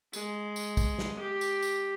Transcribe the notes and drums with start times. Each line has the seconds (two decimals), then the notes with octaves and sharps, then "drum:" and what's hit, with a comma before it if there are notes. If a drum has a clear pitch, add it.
0.13 G#3, drum: tambourine
0.56 drum: tambourine
0.77 drum: kick, tambourine
0.98 drum: snare
1.18 G4
1.41 drum: tambourine
1.62 drum: tambourine